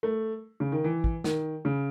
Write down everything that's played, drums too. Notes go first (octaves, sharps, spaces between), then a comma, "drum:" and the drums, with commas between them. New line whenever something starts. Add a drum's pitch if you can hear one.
A3
C#3
D#3
E3
drum: kick
D#3, drum: snare
C#3